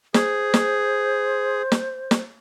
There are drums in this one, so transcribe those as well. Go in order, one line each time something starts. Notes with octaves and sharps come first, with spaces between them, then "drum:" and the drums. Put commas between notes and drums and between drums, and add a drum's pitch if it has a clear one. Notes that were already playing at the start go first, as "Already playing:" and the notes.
G#4 C5, drum: snare
drum: snare
drum: snare
drum: snare